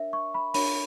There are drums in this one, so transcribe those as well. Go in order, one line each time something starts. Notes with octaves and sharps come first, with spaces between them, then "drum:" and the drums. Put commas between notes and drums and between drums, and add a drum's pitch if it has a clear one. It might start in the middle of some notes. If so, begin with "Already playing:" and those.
Already playing: D4 A#4 C#5 E5
C#6
B5
D4 A#4 C#5 B5, drum: open hi-hat